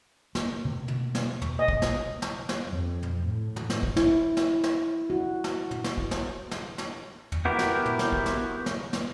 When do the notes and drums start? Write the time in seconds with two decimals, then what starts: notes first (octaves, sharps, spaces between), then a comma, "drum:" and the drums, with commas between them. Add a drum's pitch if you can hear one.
0.35 A#3, drum: snare
0.65 B2 A3 A#3
0.88 drum: tom
1.15 drum: snare
1.42 drum: tom
1.59 D#5
1.68 drum: kick
1.82 drum: snare
2.22 drum: snare
2.49 drum: snare
2.69 F2
3.03 drum: tom
3.23 A2
3.56 drum: tom
3.70 drum: snare
3.83 drum: kick
3.96 E4, drum: snare
4.37 drum: snare
4.64 drum: snare
5.10 F#4
5.44 drum: snare
5.71 drum: tom
5.84 drum: snare
5.98 drum: kick
6.11 drum: snare
6.51 drum: snare
6.78 drum: snare
7.32 drum: tom
7.45 B3 E4 F#4 G4 A#4
7.59 drum: snare
7.86 drum: tom
7.99 drum: snare
8.12 drum: kick
8.26 drum: snare
8.66 drum: snare
8.93 drum: snare